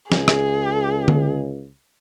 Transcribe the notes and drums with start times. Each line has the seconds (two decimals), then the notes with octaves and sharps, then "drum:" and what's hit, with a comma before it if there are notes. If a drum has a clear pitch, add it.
0.12 C#2 G#4, drum: snare
0.28 drum: rim click
1.08 drum: tom D3